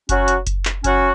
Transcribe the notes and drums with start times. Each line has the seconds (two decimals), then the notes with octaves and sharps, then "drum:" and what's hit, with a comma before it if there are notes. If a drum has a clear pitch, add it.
0.09 F#3 C#4 F#4, drum: kick F#1, hi-hat
0.28 drum: hi-hat
0.47 drum: kick F#1, hi-hat
0.65 drum: clap
0.84 F#3 C#4 F#4, drum: kick F#1, hi-hat